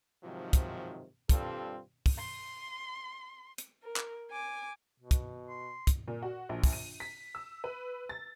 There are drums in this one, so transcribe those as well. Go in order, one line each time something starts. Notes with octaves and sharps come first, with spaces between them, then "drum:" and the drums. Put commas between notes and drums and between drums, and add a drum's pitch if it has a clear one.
G#2 C3 D#3 F3 F#3
drum: kick, hi-hat
G2 G3 C4 F4 A4, drum: kick, hi-hat
drum: kick, open hi-hat
C6
drum: hi-hat
A#4
drum: clap
G#5 D6
B2
drum: kick, hi-hat
C6
drum: kick, hi-hat
A#2
F#4
A#1
drum: kick, open hi-hat
D#7
B6
E6
B4
A6